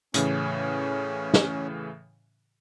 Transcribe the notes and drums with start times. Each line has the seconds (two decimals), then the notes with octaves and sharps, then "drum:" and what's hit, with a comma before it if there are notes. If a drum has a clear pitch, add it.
0.14 A2 C#3 E3 C#4, drum: hi-hat
1.34 drum: snare